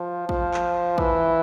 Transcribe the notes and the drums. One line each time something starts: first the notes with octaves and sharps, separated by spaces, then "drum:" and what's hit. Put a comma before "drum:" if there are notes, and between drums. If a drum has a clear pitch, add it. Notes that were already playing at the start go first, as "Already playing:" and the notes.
Already playing: F3
F3, drum: kick
drum: clap
E3, drum: kick